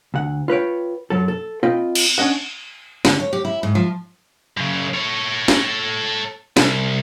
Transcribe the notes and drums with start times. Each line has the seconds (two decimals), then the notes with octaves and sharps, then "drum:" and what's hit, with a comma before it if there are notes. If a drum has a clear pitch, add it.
0.14 D2 F#5
0.48 F4 B4 C#5 G5
1.10 F#2 F#3 A4
1.28 A4
1.63 C4 F4 D#5 G5 B5
1.95 drum: cymbal
2.18 C#4 D4 D#5 F#5
3.05 D3, drum: snare
3.20 C#5
3.33 G4
3.45 E4
3.63 G#2
3.75 F3
4.57 F#2 C#3
4.95 A4 C#5
5.48 drum: snare
6.57 C2, drum: snare